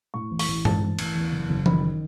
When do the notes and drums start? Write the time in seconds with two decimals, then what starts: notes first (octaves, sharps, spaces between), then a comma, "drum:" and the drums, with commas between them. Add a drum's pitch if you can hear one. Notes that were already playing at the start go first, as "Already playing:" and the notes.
0.14 A2 C#6
0.31 A1
0.39 C#6, drum: open hi-hat
0.48 A1
0.65 G#2 A5, drum: tom G2
0.82 A1
0.99 A1, drum: cymbal
1.15 E2
1.32 F#1
1.50 F#1
1.66 D#3 B5, drum: tom E3
1.82 D#3